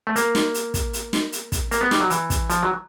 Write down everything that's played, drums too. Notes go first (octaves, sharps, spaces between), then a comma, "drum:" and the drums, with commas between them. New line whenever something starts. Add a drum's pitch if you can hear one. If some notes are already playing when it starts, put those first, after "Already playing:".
A3
A#3, drum: hi-hat
drum: snare
drum: hi-hat
drum: kick, hi-hat
drum: hi-hat
drum: snare
drum: hi-hat
drum: kick, hi-hat
A#3, drum: hi-hat
B3
G3, drum: snare
F#3
E3, drum: hi-hat
drum: kick, hi-hat
F3, drum: hi-hat
F#3